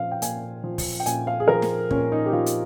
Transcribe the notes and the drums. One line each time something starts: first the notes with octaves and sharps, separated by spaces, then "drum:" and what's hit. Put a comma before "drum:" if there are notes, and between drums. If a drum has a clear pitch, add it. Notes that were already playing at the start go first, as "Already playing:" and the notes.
Already playing: A#2 F3 F5
G5
A#2 G#5, drum: hi-hat
F3
drum: kick, open hi-hat
G5
A#2 G#5, drum: hi-hat
F5
G#4
F3 A#4
drum: snare
A#2 C#4, drum: kick
D#4
G4
F3 F4
drum: hi-hat